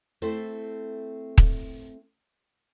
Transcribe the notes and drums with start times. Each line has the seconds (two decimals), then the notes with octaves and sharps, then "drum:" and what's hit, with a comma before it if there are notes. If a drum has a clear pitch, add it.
0.22 A3 C4 E4 A4 C5
1.38 drum: kick D#1